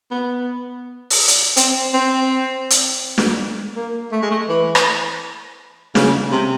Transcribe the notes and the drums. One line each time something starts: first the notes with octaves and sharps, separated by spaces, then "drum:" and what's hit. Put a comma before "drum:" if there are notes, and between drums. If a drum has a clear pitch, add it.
B3
drum: open hi-hat
drum: hi-hat
C4, drum: hi-hat
C4
drum: hi-hat
drum: snare
A#3
A3
G#3
A3
E3
drum: rim click
C#3, drum: snare
C3